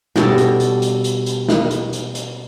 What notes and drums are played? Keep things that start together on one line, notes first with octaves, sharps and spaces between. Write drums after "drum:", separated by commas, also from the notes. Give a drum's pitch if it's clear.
B2 G3 D4 A4, drum: snare
drum: hi-hat
drum: hi-hat
drum: hi-hat
drum: hi-hat
drum: hi-hat
drum: snare
drum: hi-hat
drum: hi-hat
drum: hi-hat